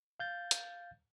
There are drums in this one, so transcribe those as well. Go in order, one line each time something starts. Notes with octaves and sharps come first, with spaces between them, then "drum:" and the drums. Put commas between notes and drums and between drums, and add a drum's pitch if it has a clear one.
F5 G6 A6
drum: hi-hat